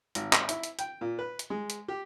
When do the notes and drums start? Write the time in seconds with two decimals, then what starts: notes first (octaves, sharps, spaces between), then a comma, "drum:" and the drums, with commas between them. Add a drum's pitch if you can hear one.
0.15 G#1, drum: hi-hat
0.33 drum: clap
0.49 E4, drum: hi-hat
0.63 drum: hi-hat
0.79 G5, drum: hi-hat
1.01 A#2
1.19 B4
1.39 drum: hi-hat
1.50 G#3
1.70 drum: hi-hat
1.88 G4